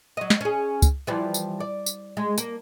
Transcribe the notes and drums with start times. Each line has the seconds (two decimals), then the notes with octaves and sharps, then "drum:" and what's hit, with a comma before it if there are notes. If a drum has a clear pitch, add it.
0.17 F#3 D#5
0.30 drum: snare
0.41 C#4 G#4
0.82 drum: kick, tambourine
1.07 E3 F3 G3
1.34 drum: tambourine
1.60 D5
1.86 drum: tambourine
2.17 G#3
2.38 A#3, drum: tambourine